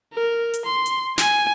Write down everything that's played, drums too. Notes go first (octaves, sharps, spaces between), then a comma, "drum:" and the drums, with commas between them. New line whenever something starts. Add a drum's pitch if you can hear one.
A#4
drum: hi-hat
C6
drum: hi-hat
G#5, drum: snare